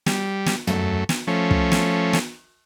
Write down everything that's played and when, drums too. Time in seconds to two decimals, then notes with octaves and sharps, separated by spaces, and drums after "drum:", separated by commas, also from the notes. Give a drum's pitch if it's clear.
0.06 G3, drum: snare
0.46 drum: snare
0.67 F#2 A3, drum: tom
1.09 drum: snare
1.27 F3 A3 C#4
1.51 drum: kick
1.72 drum: snare
2.13 drum: snare